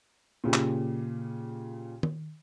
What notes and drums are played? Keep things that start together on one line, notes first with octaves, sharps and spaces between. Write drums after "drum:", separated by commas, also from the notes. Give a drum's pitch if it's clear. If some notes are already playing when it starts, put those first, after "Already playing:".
A#2 C#3 G4
drum: clap
drum: tom